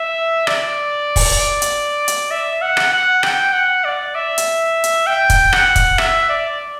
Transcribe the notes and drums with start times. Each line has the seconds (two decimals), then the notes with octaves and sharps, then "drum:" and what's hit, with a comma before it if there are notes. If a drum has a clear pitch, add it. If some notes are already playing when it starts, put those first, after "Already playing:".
Already playing: E5
0.47 D5, drum: rim click
1.16 drum: kick, open hi-hat
1.62 drum: hi-hat
2.08 drum: hi-hat
2.31 E5
2.62 F#5
2.77 drum: rim click
2.92 F#5
3.23 G5, drum: rim click
3.53 F#5
3.85 D5
4.15 E5
4.38 drum: hi-hat
4.84 drum: hi-hat
5.06 G5
5.30 drum: kick, hi-hat
5.53 F#5, drum: rim click
5.76 drum: kick, hi-hat
5.98 E5, drum: rim click
6.29 D5